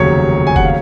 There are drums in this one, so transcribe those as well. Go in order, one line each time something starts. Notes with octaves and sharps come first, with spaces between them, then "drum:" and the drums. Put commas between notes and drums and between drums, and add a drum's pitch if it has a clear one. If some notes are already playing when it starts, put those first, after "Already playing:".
Already playing: F1 D#2 C#3 F#3 C#5
G#5
F#5, drum: kick F1
F5